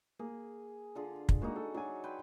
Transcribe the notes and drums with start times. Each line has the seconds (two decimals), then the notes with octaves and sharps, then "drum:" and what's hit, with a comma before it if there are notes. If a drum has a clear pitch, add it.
0.19 A#3 G#4
0.95 D3 F4 G#4
1.29 drum: kick
1.42 G#3 A#3 D#4 F#4
1.56 A4
1.74 F#3 D4 G#5
2.04 B4 G5 C6